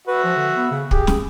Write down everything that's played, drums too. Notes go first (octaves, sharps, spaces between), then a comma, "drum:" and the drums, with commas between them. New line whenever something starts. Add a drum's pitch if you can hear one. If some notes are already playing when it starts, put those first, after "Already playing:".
F#4 B4 E5
F3
D3
B3
C#3
G4 G#4, drum: kick
drum: snare